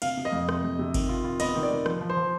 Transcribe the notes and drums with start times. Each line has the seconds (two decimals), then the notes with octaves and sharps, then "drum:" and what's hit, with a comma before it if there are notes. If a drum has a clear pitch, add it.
0.02 C3 F5, drum: cymbal
0.17 C3
0.25 D#5
0.32 F2
0.49 C3, drum: rim click
0.64 F2
0.79 C3
0.94 D#3, drum: kick G#1, cymbal
1.09 F4
1.24 F4
1.40 B3 D#5, drum: cymbal
1.55 D#3
1.63 D5
1.72 D#3
1.86 F3, drum: rim click
2.01 F3
2.10 C5
2.17 F3